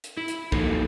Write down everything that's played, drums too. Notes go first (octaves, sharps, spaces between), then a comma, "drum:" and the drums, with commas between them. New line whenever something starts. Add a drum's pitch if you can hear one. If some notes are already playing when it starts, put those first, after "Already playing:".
drum: hi-hat
E4
drum: hi-hat
F3 F#3 A#3 D#4 A4, drum: kick